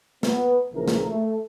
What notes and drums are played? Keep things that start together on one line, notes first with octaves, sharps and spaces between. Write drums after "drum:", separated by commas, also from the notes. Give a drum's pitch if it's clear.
B3, drum: snare
A#1 C#3 E3 F3 A#4
drum: snare
A3